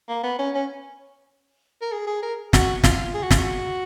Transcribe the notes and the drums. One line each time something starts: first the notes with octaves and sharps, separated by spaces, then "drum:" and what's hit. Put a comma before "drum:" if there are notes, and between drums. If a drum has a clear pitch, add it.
A#3
B3
C#4
C#4
A#4
G#4
G#4
A#4
F#4, drum: snare
F4, drum: snare
G#4
F#4
F4, drum: snare
F#4